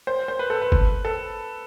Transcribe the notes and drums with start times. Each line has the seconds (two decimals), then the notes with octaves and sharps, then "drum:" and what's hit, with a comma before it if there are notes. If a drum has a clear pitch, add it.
0.07 C5
0.28 C5
0.39 B4
0.50 A4
0.62 B4
0.72 drum: kick
1.05 A4